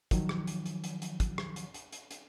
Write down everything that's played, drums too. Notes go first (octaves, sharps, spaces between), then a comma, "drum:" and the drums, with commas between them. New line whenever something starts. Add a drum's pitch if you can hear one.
D#3 F3 F#3, drum: kick, hi-hat
drum: rim click
drum: hi-hat
drum: hi-hat
drum: hi-hat
drum: hi-hat
drum: kick, hi-hat
drum: rim click
drum: hi-hat
drum: hi-hat
drum: hi-hat
drum: hi-hat